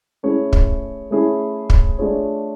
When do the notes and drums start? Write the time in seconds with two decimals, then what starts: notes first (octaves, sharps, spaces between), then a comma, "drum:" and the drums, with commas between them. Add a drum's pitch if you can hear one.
0.23 A3 C#4 E4 G#4 C#5
0.53 drum: kick
1.11 A3 C#4 E4 G#4 C#5
1.70 drum: kick
1.98 A3 D4 F4 G#4 C#5